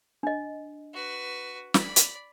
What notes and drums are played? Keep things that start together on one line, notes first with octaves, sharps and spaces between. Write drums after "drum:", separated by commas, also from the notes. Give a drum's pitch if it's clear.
D4 D#5
F#4 B4
D5 B5, drum: snare
drum: hi-hat